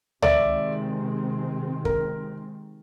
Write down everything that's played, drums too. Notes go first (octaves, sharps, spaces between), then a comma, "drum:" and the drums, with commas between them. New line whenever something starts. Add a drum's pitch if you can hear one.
C3 D#3 G#3 C4 D5 E5, drum: tom C#2
A#4, drum: kick